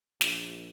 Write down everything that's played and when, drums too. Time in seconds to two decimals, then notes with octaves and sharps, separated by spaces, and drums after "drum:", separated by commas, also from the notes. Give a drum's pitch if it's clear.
0.21 A#1, drum: snare